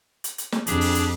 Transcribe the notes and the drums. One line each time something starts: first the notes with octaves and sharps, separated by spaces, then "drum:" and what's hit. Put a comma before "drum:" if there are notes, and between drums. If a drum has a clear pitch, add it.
drum: hi-hat
drum: hi-hat
drum: snare
F2 D4 G4 G#4, drum: hi-hat
drum: open hi-hat
drum: hi-hat